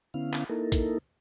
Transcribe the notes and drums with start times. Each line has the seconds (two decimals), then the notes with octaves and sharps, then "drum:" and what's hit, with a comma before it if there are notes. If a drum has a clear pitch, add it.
0.14 D3 B3 C#4 E4 F5
0.33 drum: clap
0.50 A#3 D#4 E4 A4 A#4
0.72 drum: kick, hi-hat